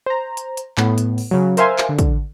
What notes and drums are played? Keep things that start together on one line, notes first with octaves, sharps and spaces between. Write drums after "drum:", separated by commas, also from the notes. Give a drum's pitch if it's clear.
C5 A#5
drum: hi-hat
drum: hi-hat
A2 B3, drum: clap
drum: hi-hat
drum: open hi-hat
C#3 F#3
A#4 C5 E5 F5 G#5 C6, drum: hi-hat
drum: clap
D3
drum: kick, hi-hat